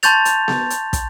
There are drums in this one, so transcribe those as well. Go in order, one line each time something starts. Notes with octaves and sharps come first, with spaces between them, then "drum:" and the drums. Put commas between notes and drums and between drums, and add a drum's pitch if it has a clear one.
A5 C6 C#6 G6 A6 F7, drum: hi-hat
drum: hi-hat
drum: snare B3
drum: hi-hat
drum: kick, hi-hat